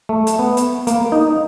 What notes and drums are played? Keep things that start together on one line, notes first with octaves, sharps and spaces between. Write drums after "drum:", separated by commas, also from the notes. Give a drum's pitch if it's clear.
A3
drum: hi-hat
B3
drum: hi-hat
A#3, drum: hi-hat
D#4